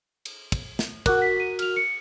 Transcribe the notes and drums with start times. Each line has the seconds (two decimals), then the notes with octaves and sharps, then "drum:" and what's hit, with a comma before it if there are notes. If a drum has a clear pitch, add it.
0.25 drum: cymbal
0.52 drum: kick, cymbal
0.79 drum: snare
1.06 F#4 A#4 F#5 D6 F#6, drum: kick, cymbal
1.22 B6
1.40 D#7
1.59 F6 F7, drum: cymbal
1.76 C#7